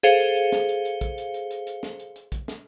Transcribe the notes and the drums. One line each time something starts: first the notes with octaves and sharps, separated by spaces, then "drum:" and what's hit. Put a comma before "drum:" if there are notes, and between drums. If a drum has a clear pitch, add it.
G#4 A4 C5 F5 C#7 G7, drum: hi-hat
drum: hi-hat
drum: hi-hat
drum: snare
drum: hi-hat
drum: hi-hat
drum: kick, hi-hat
drum: hi-hat
drum: hi-hat
drum: hi-hat
drum: hi-hat
drum: snare
drum: hi-hat
drum: hi-hat
drum: kick, hi-hat
drum: snare